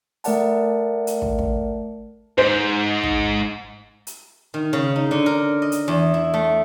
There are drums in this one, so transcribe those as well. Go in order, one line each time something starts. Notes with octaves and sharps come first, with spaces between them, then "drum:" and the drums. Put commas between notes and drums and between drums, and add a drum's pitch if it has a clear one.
A3 A#4 D5 F#5 A5, drum: open hi-hat
drum: hi-hat
drum: kick
drum: kick
G#2 C5
drum: kick
drum: hi-hat
D#3
C#3
D#4
D3
A#4
D#5
drum: hi-hat
E2
E4
A3